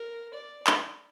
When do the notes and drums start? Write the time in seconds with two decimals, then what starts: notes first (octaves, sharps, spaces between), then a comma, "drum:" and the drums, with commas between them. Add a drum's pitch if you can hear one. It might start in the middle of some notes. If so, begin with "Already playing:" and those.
Already playing: A#4
0.34 D5
0.67 drum: clap